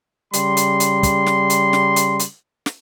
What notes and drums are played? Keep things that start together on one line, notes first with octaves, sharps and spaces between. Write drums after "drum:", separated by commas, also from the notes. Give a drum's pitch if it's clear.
C#3 G3 C6, drum: hi-hat
drum: hi-hat
drum: hi-hat
drum: kick, hi-hat
drum: snare
drum: hi-hat
drum: snare
drum: hi-hat
drum: hi-hat
drum: snare